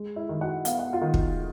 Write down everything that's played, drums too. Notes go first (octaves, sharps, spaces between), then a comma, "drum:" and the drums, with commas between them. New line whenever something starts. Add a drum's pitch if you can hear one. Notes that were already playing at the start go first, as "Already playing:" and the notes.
Already playing: G#3
E4 E5
D#3
F#4 F#5
B3 F5, drum: hi-hat
F#5
F4 F5
D#3
drum: kick